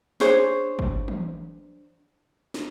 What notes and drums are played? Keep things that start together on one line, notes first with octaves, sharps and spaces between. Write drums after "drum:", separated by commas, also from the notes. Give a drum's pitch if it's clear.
D4 G#4 C5 C#5, drum: snare
drum: kick
drum: tom E3
drum: snare